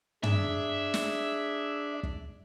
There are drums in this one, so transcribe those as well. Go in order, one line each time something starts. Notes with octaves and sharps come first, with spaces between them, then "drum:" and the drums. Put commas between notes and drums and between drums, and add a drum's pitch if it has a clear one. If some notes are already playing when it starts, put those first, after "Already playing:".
D4 G#4 E5, drum: tom
drum: snare
drum: kick